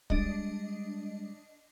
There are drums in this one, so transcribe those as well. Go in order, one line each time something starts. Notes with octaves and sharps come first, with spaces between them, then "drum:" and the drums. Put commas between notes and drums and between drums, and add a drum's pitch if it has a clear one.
G3 G#3 D4 D#5, drum: kick